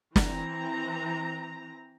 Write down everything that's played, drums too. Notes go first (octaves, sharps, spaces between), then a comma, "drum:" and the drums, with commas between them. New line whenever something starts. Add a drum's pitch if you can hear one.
E3 C4 A#5, drum: snare